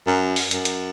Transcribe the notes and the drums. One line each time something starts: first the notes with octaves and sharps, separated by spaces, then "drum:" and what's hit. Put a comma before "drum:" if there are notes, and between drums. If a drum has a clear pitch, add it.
F#2
drum: open hi-hat
F#2, drum: hi-hat
drum: hi-hat